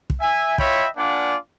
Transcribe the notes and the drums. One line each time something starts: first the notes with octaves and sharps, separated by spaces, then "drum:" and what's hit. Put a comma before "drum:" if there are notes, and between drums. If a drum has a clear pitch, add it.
drum: kick
E5 G#5
F4 C#5 D#5 E5 G5 B5, drum: kick
A#3 D4 F4 D5 F#5 G#5